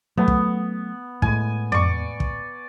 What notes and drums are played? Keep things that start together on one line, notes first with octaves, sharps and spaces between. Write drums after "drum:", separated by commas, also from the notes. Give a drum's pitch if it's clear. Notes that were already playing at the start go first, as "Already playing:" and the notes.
F#3 A3 B3
drum: kick
A2 G#3 G#5, drum: kick
D5 C#6, drum: tom
drum: kick